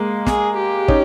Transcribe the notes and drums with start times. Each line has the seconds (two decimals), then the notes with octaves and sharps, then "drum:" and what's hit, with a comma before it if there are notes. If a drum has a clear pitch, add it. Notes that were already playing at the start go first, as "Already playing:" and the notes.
Already playing: G#3 A#3
0.26 G#4, drum: snare
0.57 G4
0.88 C#4 D#4, drum: kick